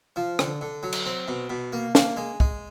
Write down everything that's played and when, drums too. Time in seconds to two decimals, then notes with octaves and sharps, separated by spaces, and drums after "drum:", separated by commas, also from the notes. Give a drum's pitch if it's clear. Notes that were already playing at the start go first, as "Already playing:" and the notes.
0.16 F3
0.39 D3, drum: rim click
0.61 D3
0.83 F#3
0.93 drum: cymbal
1.06 C4
1.28 B2
1.50 B2
1.73 A#3
1.95 A#3, drum: snare
2.17 G#3
2.40 G#3, drum: kick